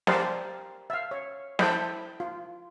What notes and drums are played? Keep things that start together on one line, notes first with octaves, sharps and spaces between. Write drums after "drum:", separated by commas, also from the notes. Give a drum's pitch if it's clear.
G4 A#4 C5 D5 F5 A5, drum: snare
E5 F5
C#5
E4 A4 C5 G5 B5, drum: snare
F4